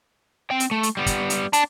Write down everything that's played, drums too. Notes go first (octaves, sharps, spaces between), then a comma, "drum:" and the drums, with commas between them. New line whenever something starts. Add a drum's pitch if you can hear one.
C4 G5
drum: hi-hat
A3
drum: hi-hat
G3 B3
drum: kick, hi-hat
drum: hi-hat
D4, drum: hi-hat